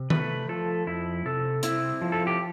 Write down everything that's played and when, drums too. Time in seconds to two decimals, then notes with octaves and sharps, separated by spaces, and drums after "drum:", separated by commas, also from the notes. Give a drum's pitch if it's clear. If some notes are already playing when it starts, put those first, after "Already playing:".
Already playing: C3
0.10 A3 B4, drum: tom D#3
0.49 F3 A4
0.87 F2 E4
1.26 C3 A4
1.63 C4 E4, drum: hi-hat
2.02 F3
2.12 A4
2.27 G4